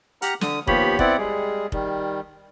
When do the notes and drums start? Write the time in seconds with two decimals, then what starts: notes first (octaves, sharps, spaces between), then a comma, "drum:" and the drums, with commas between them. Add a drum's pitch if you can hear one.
0.22 G4 F#5 A#5 F6 F#6, drum: hi-hat
0.41 D3 D#6, drum: snare
0.67 D#2 F3 B3 G4 C#5 B5, drum: kick F1
0.99 B3 C4 E4 D5 F#5, drum: kick F1
1.18 G3 G#3 G#4
1.72 D#3 G3, drum: kick F1